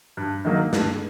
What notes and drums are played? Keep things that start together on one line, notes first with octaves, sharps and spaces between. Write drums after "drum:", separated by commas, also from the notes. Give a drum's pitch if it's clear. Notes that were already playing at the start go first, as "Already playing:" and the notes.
G2
D#3 F#3 A#3 D#4
G2, drum: snare